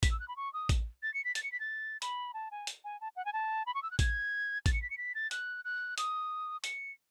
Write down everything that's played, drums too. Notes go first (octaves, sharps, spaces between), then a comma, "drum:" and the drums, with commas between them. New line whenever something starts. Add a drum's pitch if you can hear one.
B6, drum: kick A1, hi-hat
E6
F#6
B5
C#6
D#6
drum: kick A1, hi-hat
A6
C#7
B6
A6, drum: hi-hat
C#7
B6
A6
B5, drum: hi-hat
A5
G#5
drum: hi-hat
G#5
A5
F#5
G#5
A5
B5
C#6
E6
F#6
G#6, drum: kick A1, hi-hat
A6, drum: kick A1, hi-hat
C#7
B6
C#7
B6
A6
F#6, drum: hi-hat
F#6
D#6, drum: hi-hat
C#7, drum: hi-hat